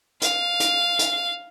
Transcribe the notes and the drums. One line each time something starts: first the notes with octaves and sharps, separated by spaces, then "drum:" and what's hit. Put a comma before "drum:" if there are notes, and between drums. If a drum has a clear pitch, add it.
F5, drum: hi-hat
drum: hi-hat
drum: hi-hat